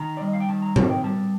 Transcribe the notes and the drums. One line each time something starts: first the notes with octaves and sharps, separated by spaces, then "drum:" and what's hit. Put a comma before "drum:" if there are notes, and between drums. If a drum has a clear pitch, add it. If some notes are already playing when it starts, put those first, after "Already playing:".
Already playing: D#3 A#5
D5
G3 D#5
F5
G5
D#3 A5
A#5
D#3 A5, drum: tom A2
G5
G3 A5